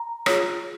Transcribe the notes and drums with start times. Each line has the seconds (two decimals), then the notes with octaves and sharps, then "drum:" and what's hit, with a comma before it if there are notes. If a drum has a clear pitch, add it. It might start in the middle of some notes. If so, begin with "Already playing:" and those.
Already playing: A#5
0.26 F4 G#4 C#5, drum: rim click